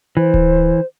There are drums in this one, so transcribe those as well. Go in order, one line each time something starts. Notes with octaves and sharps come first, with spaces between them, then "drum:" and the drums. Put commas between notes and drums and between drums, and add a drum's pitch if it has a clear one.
E3 C5
drum: kick D1